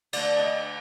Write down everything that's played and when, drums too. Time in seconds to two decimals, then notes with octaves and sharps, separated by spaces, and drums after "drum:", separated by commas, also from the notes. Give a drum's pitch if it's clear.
0.13 D3 A3 D5, drum: cymbal
0.39 D#5